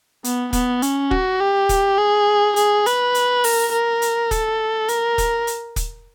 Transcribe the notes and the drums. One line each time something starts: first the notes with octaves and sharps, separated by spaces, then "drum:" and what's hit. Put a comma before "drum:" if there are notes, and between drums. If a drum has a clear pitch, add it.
B3, drum: hi-hat
B3, drum: kick, hi-hat
C#4, drum: hi-hat
F#4, drum: kick
G4
drum: kick, hi-hat
G#4
G#4, drum: hi-hat
B4, drum: hi-hat
drum: hi-hat
A#4, drum: open hi-hat
A#4
drum: hi-hat
A4, drum: kick, hi-hat
A#4, drum: hi-hat
drum: kick, hi-hat
drum: hi-hat
drum: kick, hi-hat